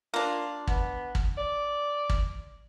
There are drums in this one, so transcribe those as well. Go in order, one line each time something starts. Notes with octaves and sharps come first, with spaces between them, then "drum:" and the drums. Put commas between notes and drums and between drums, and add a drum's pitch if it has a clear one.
A#3 D4 F4
B3, drum: kick
drum: kick
D5
drum: kick